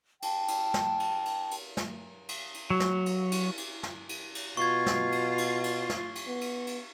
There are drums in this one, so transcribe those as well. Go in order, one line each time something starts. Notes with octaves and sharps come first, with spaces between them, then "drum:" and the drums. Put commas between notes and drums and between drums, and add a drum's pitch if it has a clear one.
G5 A5, drum: cymbal
drum: cymbal
drum: snare
drum: cymbal
drum: cymbal
drum: cymbal
drum: snare
drum: cymbal
drum: cymbal
F#3
drum: snare
drum: cymbal
drum: cymbal
drum: cymbal
drum: snare
drum: cymbal
drum: cymbal
B2 F4 C#6 G#6
drum: snare
drum: cymbal
drum: cymbal
drum: cymbal
drum: snare
drum: cymbal
B3
drum: cymbal
drum: cymbal